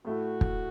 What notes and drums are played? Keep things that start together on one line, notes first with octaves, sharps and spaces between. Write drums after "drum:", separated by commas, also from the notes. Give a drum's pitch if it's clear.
A2 A3 E4 F#4
drum: kick